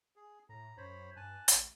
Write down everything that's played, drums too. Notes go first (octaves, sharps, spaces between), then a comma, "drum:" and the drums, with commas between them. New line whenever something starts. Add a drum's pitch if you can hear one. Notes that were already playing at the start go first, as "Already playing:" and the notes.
G#4
A2 A#5
F#2 C5 C#5 B5
G2 G#5 A5 F#6
A1, drum: hi-hat